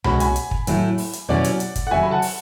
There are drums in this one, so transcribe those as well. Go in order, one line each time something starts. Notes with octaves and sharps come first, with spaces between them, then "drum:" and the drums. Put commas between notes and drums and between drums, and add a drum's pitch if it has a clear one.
B2 G#3 C#4 F#4 B5, drum: tom C2
G#5 B5, drum: hi-hat
drum: hi-hat
drum: kick
A2 F#3 A3 E4, drum: hi-hat
drum: open hi-hat
drum: hi-hat
B2 F#3 C#4 E4 D5 F#5
drum: hi-hat
drum: hi-hat
drum: kick, hi-hat
F#5
C#3 F#3 C#4 F#4 E5 G#5
B5
F#5 A5
drum: open hi-hat